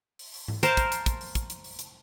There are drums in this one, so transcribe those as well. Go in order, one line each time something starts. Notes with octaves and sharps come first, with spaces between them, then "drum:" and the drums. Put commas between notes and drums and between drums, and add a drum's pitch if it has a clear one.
drum: open hi-hat
drum: open hi-hat
drum: tom G#2
A#4 C5 F5 A5, drum: hi-hat
drum: kick, hi-hat
drum: hi-hat
drum: kick, hi-hat
drum: open hi-hat
drum: kick, hi-hat
drum: hi-hat
drum: open hi-hat
drum: hi-hat